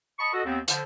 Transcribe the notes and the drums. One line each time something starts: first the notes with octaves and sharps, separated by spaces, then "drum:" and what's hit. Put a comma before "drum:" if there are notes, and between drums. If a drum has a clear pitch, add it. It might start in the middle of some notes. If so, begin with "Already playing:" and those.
D#5 A5 B5 C#6
F#4 A4 D#5
D#2 B3 C4
D3 F3, drum: hi-hat